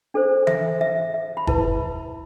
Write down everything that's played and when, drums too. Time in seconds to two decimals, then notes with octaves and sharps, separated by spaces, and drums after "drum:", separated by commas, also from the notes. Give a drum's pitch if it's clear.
0.14 D4 A4 C5
0.47 E5, drum: tom E3
0.81 E5
1.14 E5
1.37 B5
1.47 E4 B4 A5, drum: kick